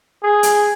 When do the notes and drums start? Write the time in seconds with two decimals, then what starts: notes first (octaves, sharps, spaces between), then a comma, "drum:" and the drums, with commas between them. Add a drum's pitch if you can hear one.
0.23 G#4
0.43 drum: hi-hat